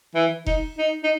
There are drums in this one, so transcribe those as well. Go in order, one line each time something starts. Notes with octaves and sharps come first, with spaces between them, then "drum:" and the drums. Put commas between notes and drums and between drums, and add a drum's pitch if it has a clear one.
E3
D#4, drum: kick F1
D#4
D#4